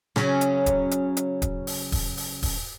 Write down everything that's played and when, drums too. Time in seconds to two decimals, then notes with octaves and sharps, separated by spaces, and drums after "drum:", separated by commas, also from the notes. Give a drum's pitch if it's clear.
0.16 C#3 F#3 C#4, drum: rim click
0.41 drum: hi-hat
0.66 drum: kick D#1, hi-hat
0.91 drum: hi-hat
1.17 drum: hi-hat
1.42 drum: kick D#1, hi-hat
1.67 drum: open hi-hat
1.92 drum: kick D#1, open hi-hat
2.17 drum: open hi-hat
2.43 drum: kick D#1, open hi-hat